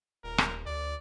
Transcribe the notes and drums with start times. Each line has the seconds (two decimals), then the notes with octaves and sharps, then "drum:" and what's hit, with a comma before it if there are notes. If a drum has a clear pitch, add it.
0.24 D#1 A#4
0.38 drum: rim click
0.66 D2 D5